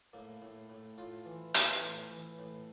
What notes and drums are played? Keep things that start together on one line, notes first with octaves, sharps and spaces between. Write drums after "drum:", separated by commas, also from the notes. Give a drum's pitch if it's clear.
A2 A#3
A2
A2
A2 F4
E3
E3, drum: hi-hat
A2
E3
A2